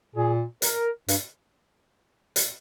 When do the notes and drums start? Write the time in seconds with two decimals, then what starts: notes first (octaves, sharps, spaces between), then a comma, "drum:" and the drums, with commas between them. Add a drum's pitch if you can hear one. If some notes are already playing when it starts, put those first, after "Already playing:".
0.15 A#2 G#4
0.62 A#4, drum: hi-hat
1.08 G2, drum: hi-hat
2.36 drum: hi-hat